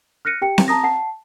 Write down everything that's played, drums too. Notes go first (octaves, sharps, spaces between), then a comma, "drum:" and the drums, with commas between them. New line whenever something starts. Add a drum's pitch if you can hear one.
F6 F#6 A#6 C#7 D#7
G4 G5 C#7
drum: snare C4
A5 A#5 D#6 A#6
F#5 A5 C7